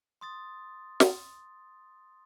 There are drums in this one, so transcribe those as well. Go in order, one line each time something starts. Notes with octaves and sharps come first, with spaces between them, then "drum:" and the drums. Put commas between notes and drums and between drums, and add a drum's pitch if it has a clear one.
C6 D#6 A6
drum: snare